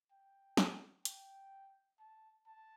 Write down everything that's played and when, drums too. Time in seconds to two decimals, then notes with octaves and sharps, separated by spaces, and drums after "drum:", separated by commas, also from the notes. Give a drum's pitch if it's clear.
0.11 G5
0.57 drum: snare
1.05 G5, drum: hi-hat
2.00 A5
2.47 A5